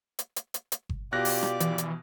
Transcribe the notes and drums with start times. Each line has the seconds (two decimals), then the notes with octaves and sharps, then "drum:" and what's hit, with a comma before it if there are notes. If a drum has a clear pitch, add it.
0.19 drum: hi-hat
0.36 drum: hi-hat
0.54 drum: hi-hat
0.72 drum: hi-hat
0.89 drum: kick G1
1.13 B2 F4 G4 D5 F#6 A#6
1.25 drum: open hi-hat
1.43 drum: rim click
1.60 E3, drum: hi-hat
1.78 drum: hi-hat